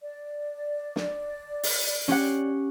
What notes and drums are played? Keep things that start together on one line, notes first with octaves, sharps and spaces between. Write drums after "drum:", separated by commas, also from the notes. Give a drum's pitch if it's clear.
D5
drum: snare
drum: open hi-hat
C#4 G4 F#5